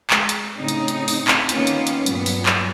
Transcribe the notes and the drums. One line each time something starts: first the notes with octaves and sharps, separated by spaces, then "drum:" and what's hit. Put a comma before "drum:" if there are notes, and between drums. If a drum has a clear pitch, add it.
G#3, drum: clap
drum: hi-hat
A2 C#3 C4 D#4
drum: hi-hat
drum: hi-hat
drum: open hi-hat
drum: clap
D#3 A#3 B3 C#4 F4, drum: hi-hat
drum: hi-hat
drum: hi-hat
G2 A#2 F#3 B3, drum: hi-hat
drum: open hi-hat
drum: clap